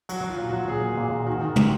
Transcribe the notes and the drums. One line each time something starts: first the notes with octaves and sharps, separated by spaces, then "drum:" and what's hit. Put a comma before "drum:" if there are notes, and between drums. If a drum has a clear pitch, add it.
F#3 F#4, drum: cymbal
F#3
F4
A#2
F#3 F#4
A#2 G#4
A#3
A#2
A#2
D#3 F#4
D#3
C3, drum: tom